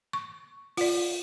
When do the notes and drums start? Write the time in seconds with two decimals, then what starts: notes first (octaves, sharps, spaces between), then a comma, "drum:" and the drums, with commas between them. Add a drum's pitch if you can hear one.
0.13 C#6
0.77 F4 D5, drum: open hi-hat